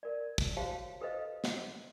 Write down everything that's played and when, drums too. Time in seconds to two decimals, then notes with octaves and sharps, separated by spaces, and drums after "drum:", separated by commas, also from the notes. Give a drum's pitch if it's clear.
0.03 A#4 D5
0.38 drum: kick, tambourine
0.57 F#4 G4 C5 C#5 F5 A5
1.01 G4 A4 B4 C5 D#5 F5
1.44 drum: snare